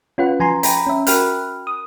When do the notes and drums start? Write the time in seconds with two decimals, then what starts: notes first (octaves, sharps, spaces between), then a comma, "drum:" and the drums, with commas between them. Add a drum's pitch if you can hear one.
0.18 C#4 F4 B4 F#5
0.40 F3 G#5 A#5 C6
0.63 G5 A#5 B5, drum: hi-hat
0.87 C#4 E5
1.07 F#4 A#4 G5 B5 F6 F#6, drum: hi-hat
1.67 D#6